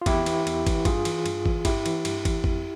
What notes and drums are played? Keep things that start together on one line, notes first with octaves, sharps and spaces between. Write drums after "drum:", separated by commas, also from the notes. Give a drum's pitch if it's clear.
F4
E2 E4 G4, drum: kick, cymbal
E3, drum: cymbal
E2, drum: cymbal
E3, drum: kick, cymbal
G2 F4 G#4, drum: kick, cymbal
E3, drum: cymbal
G2, drum: cymbal
E3, drum: kick
G2 E4 G4, drum: kick, cymbal
E3, drum: cymbal
G2, drum: cymbal
E3, drum: kick, cymbal
F2, drum: kick